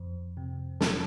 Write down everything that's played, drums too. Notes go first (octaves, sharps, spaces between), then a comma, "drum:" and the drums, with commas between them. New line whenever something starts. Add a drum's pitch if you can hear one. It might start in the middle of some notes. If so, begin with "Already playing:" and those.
Already playing: F2
C3
F#3 A5, drum: snare